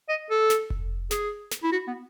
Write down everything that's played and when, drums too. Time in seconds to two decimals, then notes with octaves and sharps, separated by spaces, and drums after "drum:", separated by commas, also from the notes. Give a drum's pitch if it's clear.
0.09 D#5
0.30 A4
0.50 drum: snare
0.70 drum: kick F1
1.11 G#4, drum: snare
1.51 drum: snare
1.63 E4
1.72 F#4
1.87 B3